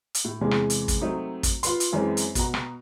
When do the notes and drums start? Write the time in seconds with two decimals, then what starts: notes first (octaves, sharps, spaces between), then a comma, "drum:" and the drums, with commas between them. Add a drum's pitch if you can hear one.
0.15 drum: hi-hat
0.25 A2
0.41 E2 C3 E3 G#3 C#4
0.51 drum: rim click
0.70 drum: hi-hat
0.88 drum: kick, hi-hat
1.01 F#3 A3 C4 D#4
1.43 drum: kick, hi-hat
1.63 F4 B4 C6, drum: hi-hat
1.80 drum: hi-hat
1.93 F#2 E3 G#3 C4 C#4
2.17 drum: hi-hat
2.35 B2 F#4 A#5, drum: kick, hi-hat
2.54 drum: rim click